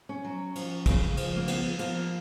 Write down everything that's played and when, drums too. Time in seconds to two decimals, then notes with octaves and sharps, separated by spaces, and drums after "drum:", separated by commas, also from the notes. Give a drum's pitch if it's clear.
0.09 C#4
0.24 F#3
0.55 F3, drum: cymbal
0.86 C#3, drum: kick, cymbal
1.17 F3, drum: cymbal
1.37 A#3
1.47 F3 B3, drum: cymbal
1.79 F3 A#3, drum: cymbal